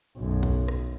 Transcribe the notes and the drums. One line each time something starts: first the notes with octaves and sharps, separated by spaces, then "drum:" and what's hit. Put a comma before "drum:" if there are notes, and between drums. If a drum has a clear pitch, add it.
B1 F#2
drum: kick
drum: rim click